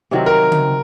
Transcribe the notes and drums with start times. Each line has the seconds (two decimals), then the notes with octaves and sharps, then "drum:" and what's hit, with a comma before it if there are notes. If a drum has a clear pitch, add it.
0.11 C3 D#3 F#3 C4
0.26 A#4
0.52 drum: tom C#3